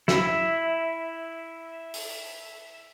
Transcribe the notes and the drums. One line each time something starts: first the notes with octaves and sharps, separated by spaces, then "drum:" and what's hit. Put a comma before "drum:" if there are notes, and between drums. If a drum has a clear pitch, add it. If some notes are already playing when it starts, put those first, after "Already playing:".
E4 E5, drum: snare
drum: open hi-hat